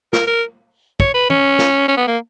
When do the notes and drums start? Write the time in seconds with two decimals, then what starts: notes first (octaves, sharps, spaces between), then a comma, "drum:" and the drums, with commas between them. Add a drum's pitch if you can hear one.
0.13 A#4, drum: snare
0.27 A#4
1.00 C#5, drum: kick
1.14 B4
1.30 C#4, drum: tom
1.59 drum: snare
1.88 C#4
1.97 B3
2.07 A#3